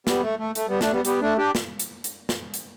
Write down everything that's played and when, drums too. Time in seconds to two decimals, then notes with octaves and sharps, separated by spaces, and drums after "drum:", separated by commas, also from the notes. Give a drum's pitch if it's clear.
0.07 G3 B3, drum: snare
0.23 A3
0.39 A3
0.55 A3, drum: hi-hat
0.69 G3 B3
0.81 A3 D4, drum: snare
0.92 G3 B3
1.05 G3 B3, drum: hi-hat
1.22 A3 D4
1.38 D4 G4
1.55 drum: snare
1.79 drum: hi-hat
2.04 drum: hi-hat
2.29 drum: snare
2.54 drum: hi-hat